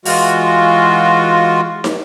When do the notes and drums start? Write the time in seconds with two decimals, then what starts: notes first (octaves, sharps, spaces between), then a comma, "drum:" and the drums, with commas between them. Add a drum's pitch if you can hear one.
0.05 E3 G#3 F4 F#4, drum: open hi-hat
1.84 drum: snare